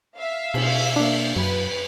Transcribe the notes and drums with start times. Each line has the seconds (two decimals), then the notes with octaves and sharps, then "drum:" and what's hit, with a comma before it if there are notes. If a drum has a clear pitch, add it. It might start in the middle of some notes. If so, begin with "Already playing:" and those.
0.18 E5 F5
0.54 B2, drum: cymbal
0.96 A#3 D4
1.36 F#2 F#3 B4